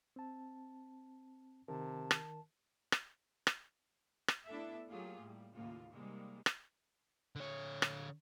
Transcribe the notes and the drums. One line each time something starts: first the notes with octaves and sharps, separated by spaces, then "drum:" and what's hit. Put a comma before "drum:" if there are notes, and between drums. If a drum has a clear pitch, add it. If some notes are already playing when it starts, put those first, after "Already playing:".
C4 A5
C3 D#3 A#4 A5
drum: rim click
drum: rim click
drum: rim click
drum: rim click
A3 B3 D4 E4 A4 E5
F#3 A3 A#3 F4 G4 G#4
A2 G3 A#3
D#2 A2 C#3 A#3 F4
C3 D#3 G3 G#3 A#3
drum: rim click
D3 C#5
drum: rim click